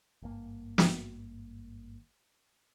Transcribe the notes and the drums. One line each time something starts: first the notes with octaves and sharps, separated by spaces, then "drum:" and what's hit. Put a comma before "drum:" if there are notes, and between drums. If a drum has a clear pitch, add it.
G#1 G2 A#3
drum: snare